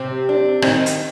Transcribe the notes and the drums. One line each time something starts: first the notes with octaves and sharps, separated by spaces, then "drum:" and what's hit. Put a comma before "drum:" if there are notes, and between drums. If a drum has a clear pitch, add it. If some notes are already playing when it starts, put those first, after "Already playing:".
Already playing: C3 C4
D4
D#3 C4 D#4, drum: rim click
drum: hi-hat